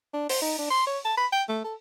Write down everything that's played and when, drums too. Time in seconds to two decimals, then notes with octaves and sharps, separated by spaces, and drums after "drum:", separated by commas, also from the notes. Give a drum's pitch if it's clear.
0.13 D4
0.29 C5, drum: open hi-hat
0.41 D#4
0.58 D4
0.70 C6
0.87 C#5
1.05 A5
1.17 B5
1.32 G5
1.48 A3
1.64 A4